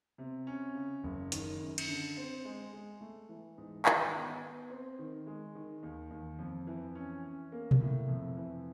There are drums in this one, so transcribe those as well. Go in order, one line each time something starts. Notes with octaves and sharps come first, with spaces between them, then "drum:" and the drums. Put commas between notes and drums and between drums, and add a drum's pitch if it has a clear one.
C3
C#4
C#3
F#1
D#3, drum: hi-hat
F#2
drum: cymbal
D3
C4
G#3
G#3
A3
E3
G#2
D#3, drum: clap
B3
B3
C4
D#3
G#3
D#3
D#2
D#2
F2
E3
C#4
C#4
A#3
drum: tom B2
A2
F2
E3